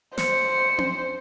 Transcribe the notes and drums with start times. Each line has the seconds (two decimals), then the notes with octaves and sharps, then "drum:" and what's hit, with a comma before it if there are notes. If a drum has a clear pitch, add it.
0.18 C5 C#7, drum: snare
0.78 drum: tom C4